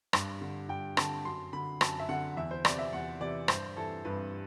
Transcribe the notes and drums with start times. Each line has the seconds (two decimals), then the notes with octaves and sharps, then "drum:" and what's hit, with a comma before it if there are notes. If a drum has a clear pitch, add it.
0.13 G2, drum: rim click
0.41 D3
0.69 G2 G5
0.97 D3 A5, drum: rim click
1.25 F#2 C6
1.53 D3 B5
1.81 F#2 A5, drum: rim click
1.99 E5
2.09 D3 F#5
2.37 E2 E5
2.51 C5
2.65 C3 E3 D5, drum: rim click
2.79 E5
2.93 E2 F#5
3.20 C3 E3 D5
3.48 G2 C5, drum: rim click
3.76 E3 A4
4.05 G2 B4